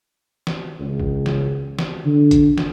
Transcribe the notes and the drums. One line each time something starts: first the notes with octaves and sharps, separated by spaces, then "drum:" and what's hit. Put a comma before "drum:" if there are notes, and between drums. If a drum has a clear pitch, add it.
drum: snare
C#2
drum: kick
drum: snare
drum: snare
D3
drum: kick, hi-hat
drum: snare